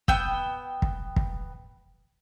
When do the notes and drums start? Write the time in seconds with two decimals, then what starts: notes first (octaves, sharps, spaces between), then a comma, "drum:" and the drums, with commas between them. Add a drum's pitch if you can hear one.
0.08 B3 G5 E6, drum: kick
0.82 drum: kick
1.16 drum: kick